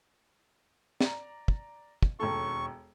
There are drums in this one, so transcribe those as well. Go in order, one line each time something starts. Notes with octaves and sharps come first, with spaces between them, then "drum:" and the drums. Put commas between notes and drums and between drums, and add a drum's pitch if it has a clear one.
D5 A#5, drum: snare
drum: kick
drum: kick
E1 D#2 A4 C#6